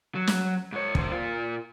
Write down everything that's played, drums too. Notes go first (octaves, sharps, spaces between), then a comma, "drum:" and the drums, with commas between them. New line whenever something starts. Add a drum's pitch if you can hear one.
F#3
drum: snare
G#2 C#5
D3 C5, drum: kick
A#2 F4